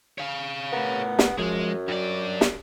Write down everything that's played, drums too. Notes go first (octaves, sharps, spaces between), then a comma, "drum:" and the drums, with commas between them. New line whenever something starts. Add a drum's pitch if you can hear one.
C#5 F5
A2 B3 A#4
drum: snare
F#2 F3 G#3
G2 F#3 D5
drum: snare